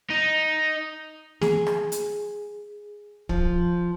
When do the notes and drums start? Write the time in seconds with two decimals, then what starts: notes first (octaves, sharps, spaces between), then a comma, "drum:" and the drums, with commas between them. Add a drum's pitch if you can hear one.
0.10 D#4
1.41 G#4, drum: snare
1.67 drum: rim click
1.92 drum: hi-hat
3.29 F3, drum: kick